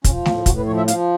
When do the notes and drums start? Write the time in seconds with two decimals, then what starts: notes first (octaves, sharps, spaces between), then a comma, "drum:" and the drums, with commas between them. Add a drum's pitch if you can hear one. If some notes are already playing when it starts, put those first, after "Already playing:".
0.04 F3 C#4, drum: kick, hi-hat
0.26 A2 F4, drum: snare A3
0.46 A2 F#4, drum: kick, hi-hat
0.56 B4
0.66 F3 C#5
0.77 E5
0.88 F3 F5, drum: hi-hat